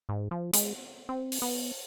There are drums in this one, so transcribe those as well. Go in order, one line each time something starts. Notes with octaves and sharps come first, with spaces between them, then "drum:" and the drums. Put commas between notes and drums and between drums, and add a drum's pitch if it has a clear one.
G#2
F3
G#3, drum: hi-hat
C4
drum: open hi-hat
B3